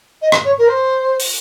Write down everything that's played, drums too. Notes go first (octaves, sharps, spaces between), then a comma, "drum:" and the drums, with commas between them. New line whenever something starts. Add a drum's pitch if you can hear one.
D#5
drum: rim click
C#5
A#4
C5
drum: open hi-hat